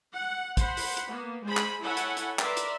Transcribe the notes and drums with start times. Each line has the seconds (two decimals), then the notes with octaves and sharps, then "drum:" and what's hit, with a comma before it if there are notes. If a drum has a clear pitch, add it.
0.14 F#5
0.57 C5 F#5 B5, drum: kick, hi-hat
0.77 drum: open hi-hat
0.97 drum: hi-hat
1.10 A#3 B3
1.44 G#3 G#4 C5 B5
1.57 drum: clap
1.82 E4 A4 C#5 F#5 G#5 B5
1.97 drum: hi-hat
2.17 drum: hi-hat
2.39 A#4 B4 D5 E5 C6, drum: clap
2.57 drum: hi-hat